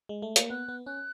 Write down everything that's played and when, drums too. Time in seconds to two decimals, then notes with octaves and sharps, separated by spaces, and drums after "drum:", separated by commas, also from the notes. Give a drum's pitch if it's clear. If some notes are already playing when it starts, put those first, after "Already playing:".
0.09 G#3
0.22 A3
0.36 A#3, drum: hi-hat
0.50 B3 F#6
0.69 B3
0.86 C#4 F#6